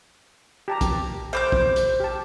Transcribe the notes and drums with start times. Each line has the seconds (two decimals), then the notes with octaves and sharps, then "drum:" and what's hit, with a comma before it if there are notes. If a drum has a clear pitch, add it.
0.68 G4 A5 A#5
0.81 drum: kick A#1, hi-hat
1.33 C5 D6 G6
1.52 drum: kick A#1
1.76 drum: hi-hat
2.00 G4 A5